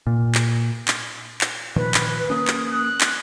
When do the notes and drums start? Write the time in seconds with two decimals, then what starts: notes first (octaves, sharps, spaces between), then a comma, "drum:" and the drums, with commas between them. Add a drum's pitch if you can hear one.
0.07 A#2
0.35 drum: clap
0.88 drum: clap
1.41 drum: clap
1.76 A#2 D#3 F3 B4
1.94 drum: clap
2.30 A#3 C#4 D#6
2.48 drum: clap
2.72 F#6
3.01 drum: clap